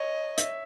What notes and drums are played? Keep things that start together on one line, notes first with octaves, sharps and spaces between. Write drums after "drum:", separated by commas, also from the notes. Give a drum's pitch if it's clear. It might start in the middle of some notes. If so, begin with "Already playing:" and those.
Already playing: C#5 D#5
E5, drum: hi-hat